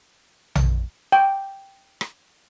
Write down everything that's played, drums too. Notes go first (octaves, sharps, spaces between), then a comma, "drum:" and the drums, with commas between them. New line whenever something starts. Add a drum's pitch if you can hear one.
drum: tom A#1
G5
drum: rim click